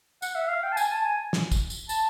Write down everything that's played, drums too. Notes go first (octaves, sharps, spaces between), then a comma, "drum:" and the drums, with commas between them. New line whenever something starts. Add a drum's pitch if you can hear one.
F#5, drum: tambourine
E5
F5
G5
A5
G#5, drum: tambourine
A5
G#5
drum: snare
drum: kick, tambourine
drum: tambourine
A5, drum: tambourine